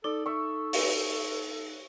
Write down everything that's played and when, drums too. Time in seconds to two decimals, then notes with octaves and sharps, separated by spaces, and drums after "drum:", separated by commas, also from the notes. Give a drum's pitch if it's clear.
0.04 D#4 A4 D5
0.26 A4 E5 C#6
0.73 drum: open hi-hat